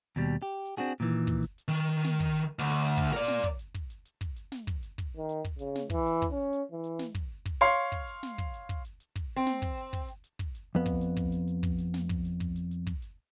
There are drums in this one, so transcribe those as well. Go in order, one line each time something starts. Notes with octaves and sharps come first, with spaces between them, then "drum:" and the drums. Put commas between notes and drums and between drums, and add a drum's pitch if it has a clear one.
D#2 B2 G3, drum: hi-hat
G4
drum: hi-hat
C4 D4 F#4 G#4
A#2 D#3 E3
drum: kick, hi-hat
drum: hi-hat
drum: hi-hat
D#3
drum: hi-hat
drum: snare
drum: kick, hi-hat
drum: hi-hat
D2
drum: hi-hat
drum: kick, hi-hat
A#4 D5, drum: hi-hat
drum: snare
drum: kick, hi-hat
drum: hi-hat
drum: kick, hi-hat
drum: hi-hat
drum: hi-hat
drum: kick, hi-hat
drum: hi-hat
drum: snare
drum: kick, hi-hat
drum: hi-hat
drum: kick, hi-hat
D#3
drum: hi-hat
drum: kick, hi-hat
C#3, drum: hi-hat
drum: snare
E3, drum: kick, hi-hat
drum: hi-hat
drum: kick, hi-hat
C#4
drum: hi-hat
E3
drum: hi-hat
drum: snare
drum: kick, hi-hat
drum: kick, hi-hat
C#5 F5 C6, drum: hi-hat
drum: hi-hat
drum: kick, hi-hat
drum: hi-hat
drum: snare
drum: kick, hi-hat
drum: hi-hat
drum: kick, hi-hat
drum: hi-hat
drum: hi-hat
drum: kick, hi-hat
C4
drum: snare
drum: kick, hi-hat
drum: hi-hat
drum: kick, hi-hat
drum: hi-hat
drum: hi-hat
drum: kick, hi-hat
drum: hi-hat
F2 B3
drum: kick, hi-hat
drum: hi-hat
drum: kick, hi-hat
drum: hi-hat
drum: hi-hat
drum: kick, hi-hat
drum: hi-hat
drum: snare
drum: kick
drum: hi-hat
drum: kick, hi-hat
drum: hi-hat
drum: hi-hat
drum: kick, hi-hat
drum: hi-hat